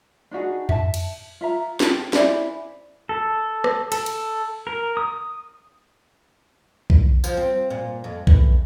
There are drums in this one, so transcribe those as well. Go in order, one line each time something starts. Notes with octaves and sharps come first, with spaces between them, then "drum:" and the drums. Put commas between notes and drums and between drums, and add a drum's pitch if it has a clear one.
D4 D#4 F#4 G#4
E5 A5, drum: tom F2
drum: cymbal
F4 E5 A#5
F4 G5 A5, drum: snare
E4 C5 D5 G#5, drum: snare
A4
drum: rim click
A4, drum: cymbal
drum: cymbal
A#4
D#6
drum: kick A#1
F3, drum: tambourine
C4
A#2
F2
E2, drum: kick A#1